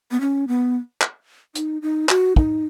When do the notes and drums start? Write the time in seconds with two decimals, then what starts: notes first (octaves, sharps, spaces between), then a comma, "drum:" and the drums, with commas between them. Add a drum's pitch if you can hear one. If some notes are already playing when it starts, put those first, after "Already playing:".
0.11 B3
0.21 C#4
0.48 B3
1.01 drum: clap
1.55 D#4, drum: hi-hat
1.82 D#4
2.09 F#4, drum: clap
2.36 D#4, drum: kick